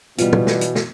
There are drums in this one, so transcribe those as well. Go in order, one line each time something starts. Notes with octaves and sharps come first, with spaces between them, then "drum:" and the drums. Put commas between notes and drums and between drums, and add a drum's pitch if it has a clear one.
B2 E3 G3 F4, drum: hi-hat
drum: tom
drum: snare
drum: hi-hat
drum: snare